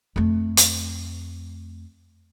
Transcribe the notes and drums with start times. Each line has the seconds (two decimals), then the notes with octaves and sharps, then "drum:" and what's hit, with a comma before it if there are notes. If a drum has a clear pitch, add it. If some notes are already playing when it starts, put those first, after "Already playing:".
0.16 F2 A3
0.57 drum: hi-hat